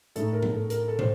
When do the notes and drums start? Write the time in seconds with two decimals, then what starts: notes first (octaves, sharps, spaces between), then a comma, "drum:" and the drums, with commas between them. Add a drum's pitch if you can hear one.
0.16 A2 A3 D#4 A4, drum: hi-hat
0.33 A#4
0.43 drum: tom
0.52 A4
0.70 A#4, drum: hi-hat
0.88 A4
0.99 C5, drum: tom